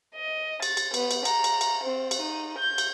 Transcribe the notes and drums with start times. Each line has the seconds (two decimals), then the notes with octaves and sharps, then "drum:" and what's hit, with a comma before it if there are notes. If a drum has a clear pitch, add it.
0.15 D#5
0.62 A6, drum: cymbal
0.77 drum: cymbal
0.94 B3, drum: cymbal
1.11 drum: cymbal
1.25 A#5, drum: cymbal
1.44 drum: cymbal
1.61 drum: cymbal
1.84 C4
2.11 drum: cymbal
2.21 D#4
2.58 G6
2.78 drum: cymbal